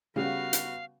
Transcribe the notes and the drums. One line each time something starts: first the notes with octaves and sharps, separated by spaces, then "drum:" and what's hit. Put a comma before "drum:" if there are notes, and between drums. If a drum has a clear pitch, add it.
C#3 G3 B3 F#4 F5
drum: hi-hat